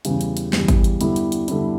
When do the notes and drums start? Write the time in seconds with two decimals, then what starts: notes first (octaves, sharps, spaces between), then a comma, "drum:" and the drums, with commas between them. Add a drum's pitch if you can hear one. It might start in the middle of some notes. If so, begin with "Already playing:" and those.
0.05 E2 C#3 G3, drum: hi-hat
0.21 drum: hi-hat
0.37 drum: hi-hat
0.53 E2 C#3 G3, drum: snare
0.68 drum: kick G#1, hi-hat
0.84 drum: hi-hat
1.01 D3 G3 B3 E4, drum: hi-hat
1.16 drum: hi-hat
1.32 drum: hi-hat
1.48 D3 G3 B3 E4, drum: hi-hat